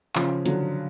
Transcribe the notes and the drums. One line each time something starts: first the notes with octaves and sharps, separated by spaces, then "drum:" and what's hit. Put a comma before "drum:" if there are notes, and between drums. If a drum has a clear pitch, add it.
C#3 F3, drum: clap
D3 F#3, drum: hi-hat